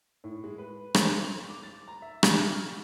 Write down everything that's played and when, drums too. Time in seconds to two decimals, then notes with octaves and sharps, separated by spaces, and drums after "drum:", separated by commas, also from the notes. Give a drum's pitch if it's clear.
0.24 A2
0.44 G#3
0.58 B4
0.94 C5, drum: rim click
1.24 F7
1.50 D6
1.63 A6
1.88 A#5
2.02 E5
2.23 C3, drum: rim click
2.41 F6